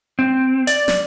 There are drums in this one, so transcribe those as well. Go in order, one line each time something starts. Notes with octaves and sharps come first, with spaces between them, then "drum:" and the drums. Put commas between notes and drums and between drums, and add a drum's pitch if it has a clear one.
C4
D5, drum: hi-hat
drum: snare